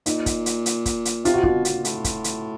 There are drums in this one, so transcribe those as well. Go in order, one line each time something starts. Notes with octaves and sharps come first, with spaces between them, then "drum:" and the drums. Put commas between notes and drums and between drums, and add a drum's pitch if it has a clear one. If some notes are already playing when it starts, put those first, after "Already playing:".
A#2 D#4, drum: hi-hat
drum: kick, hi-hat
drum: hi-hat
drum: hi-hat
drum: kick, hi-hat
drum: hi-hat
C3 F4, drum: hi-hat
F#4
B2 F4, drum: kick
A#2, drum: hi-hat
A2, drum: hi-hat
drum: kick, hi-hat
drum: hi-hat